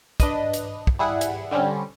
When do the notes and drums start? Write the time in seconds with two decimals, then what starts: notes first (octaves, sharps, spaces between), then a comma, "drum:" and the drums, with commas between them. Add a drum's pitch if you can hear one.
0.20 D4 B4 D#5, drum: kick, hi-hat
0.53 drum: hi-hat
0.87 drum: kick
0.99 G3 E4 G#4 F#5
1.21 drum: hi-hat
1.51 D3 G3 C4 C#4